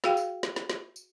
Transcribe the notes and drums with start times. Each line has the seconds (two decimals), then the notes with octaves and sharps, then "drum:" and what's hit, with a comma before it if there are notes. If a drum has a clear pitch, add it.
0.04 F#4 G#4 F5 G5, drum: snare
0.17 drum: tambourine
0.43 drum: snare
0.56 drum: snare
0.70 drum: snare
0.96 drum: tambourine